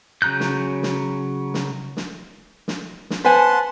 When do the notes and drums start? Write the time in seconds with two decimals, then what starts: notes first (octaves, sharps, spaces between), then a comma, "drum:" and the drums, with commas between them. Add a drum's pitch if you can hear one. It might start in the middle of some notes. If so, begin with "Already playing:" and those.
0.22 C#3 F#3 A#5 F#6 G6
0.40 drum: snare
0.83 drum: snare
1.54 drum: snare
1.97 drum: snare
2.68 drum: snare
3.10 drum: snare
3.25 B4 C5 F#5 G#5 A5 C6